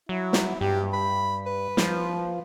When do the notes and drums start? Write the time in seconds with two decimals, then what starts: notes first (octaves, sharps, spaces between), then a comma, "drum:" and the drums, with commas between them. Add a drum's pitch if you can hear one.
0.09 F#3 E4
0.33 drum: snare
0.61 G2 G4
0.93 B5
1.46 B4
1.77 F3, drum: snare